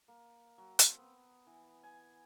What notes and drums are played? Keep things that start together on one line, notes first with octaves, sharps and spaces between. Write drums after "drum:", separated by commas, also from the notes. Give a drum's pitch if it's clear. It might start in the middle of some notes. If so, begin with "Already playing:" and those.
A#3
F#3
C4, drum: hi-hat
B3
E3
G#5